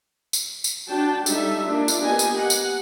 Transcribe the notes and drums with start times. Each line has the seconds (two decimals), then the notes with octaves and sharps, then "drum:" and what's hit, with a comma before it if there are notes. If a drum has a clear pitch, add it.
0.33 drum: tambourine
0.64 drum: tambourine
0.89 D4 F#4 G5 A5
1.26 G3 D#4 A4 E5, drum: tambourine
1.63 A#3 D4 F4
1.88 drum: tambourine
2.03 A#3 B3 G4 D#5 G#5
2.19 drum: tambourine
2.40 F#5
2.50 drum: tambourine